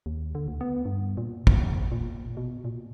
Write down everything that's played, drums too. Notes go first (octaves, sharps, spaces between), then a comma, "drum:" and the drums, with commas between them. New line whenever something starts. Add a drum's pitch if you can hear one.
D#2
D3
D2
B3
G2
A#2
E2, drum: kick
A#2
B2
A#2